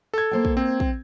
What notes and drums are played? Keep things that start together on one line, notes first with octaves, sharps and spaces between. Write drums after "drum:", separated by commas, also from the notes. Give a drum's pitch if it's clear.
A4 G#6
A#3 C5 G5
drum: kick
C4
drum: kick